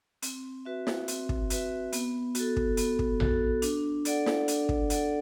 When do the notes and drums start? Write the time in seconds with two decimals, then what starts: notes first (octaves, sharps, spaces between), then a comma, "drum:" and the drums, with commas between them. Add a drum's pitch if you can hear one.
0.22 C4, drum: hi-hat
0.65 F#4 B4 E5
0.87 drum: snare
1.08 C4, drum: hi-hat
1.29 drum: kick
1.50 F#4 B4 E5, drum: hi-hat
1.93 B3, drum: hi-hat
2.35 F#4 A4, drum: hi-hat
2.56 drum: kick
2.77 B3, drum: hi-hat
2.99 drum: kick
3.20 F#4 A4, drum: tom A#1
3.62 D4, drum: hi-hat
4.05 A4 D5 F#5, drum: hi-hat
4.26 drum: snare
4.48 D4, drum: hi-hat
4.69 drum: kick
4.90 A4 D5 F#5, drum: hi-hat